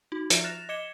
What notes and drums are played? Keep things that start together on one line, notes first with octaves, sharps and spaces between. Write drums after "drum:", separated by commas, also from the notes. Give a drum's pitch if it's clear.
D#4 F#4
F3 F4 E5, drum: hi-hat
F6 F#6 A6 A#6 E7 F7
D#5 D6 G#6 C#7 E7 G7